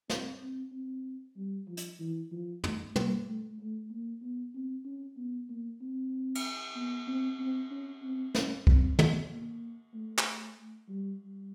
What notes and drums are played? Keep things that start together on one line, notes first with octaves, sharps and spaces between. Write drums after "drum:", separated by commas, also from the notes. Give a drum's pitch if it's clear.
C4, drum: snare
C4
C4
G3
F3
drum: hi-hat
E3
F3
A3, drum: tom
A#3, drum: tom
A3
A3
A#3
B3
C4
C#4
B3
A#3
C4
drum: cymbal
B3
C4
C4
C#4
C4
C#4, drum: snare
C4, drum: kick
B3, drum: tom
A#3
A3
drum: clap
G3
G3